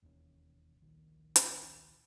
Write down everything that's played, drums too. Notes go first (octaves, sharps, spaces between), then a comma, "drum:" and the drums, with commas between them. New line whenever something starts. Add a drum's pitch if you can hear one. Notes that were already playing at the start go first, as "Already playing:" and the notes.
E1 D#2 C#3 C#4
D1 A#1 D#3
drum: hi-hat